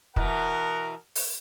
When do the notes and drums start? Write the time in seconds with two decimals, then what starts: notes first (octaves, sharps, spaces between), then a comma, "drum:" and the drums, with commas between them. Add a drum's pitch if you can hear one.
0.16 B2 E3 A#4 F#5, drum: kick
1.15 drum: open hi-hat